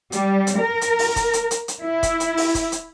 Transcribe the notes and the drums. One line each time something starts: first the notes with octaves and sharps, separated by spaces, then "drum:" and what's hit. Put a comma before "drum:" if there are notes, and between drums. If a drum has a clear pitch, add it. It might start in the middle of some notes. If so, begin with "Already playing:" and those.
G3, drum: hi-hat
drum: hi-hat
A#4
drum: hi-hat
drum: open hi-hat
drum: kick, hi-hat
drum: hi-hat
drum: hi-hat
drum: hi-hat
E4
drum: kick, hi-hat
drum: hi-hat
drum: open hi-hat
drum: kick, hi-hat
drum: hi-hat